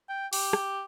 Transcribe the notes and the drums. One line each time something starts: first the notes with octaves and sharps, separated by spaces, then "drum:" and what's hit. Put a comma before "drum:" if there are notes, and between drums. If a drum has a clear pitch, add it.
G5
G4, drum: open hi-hat
drum: rim click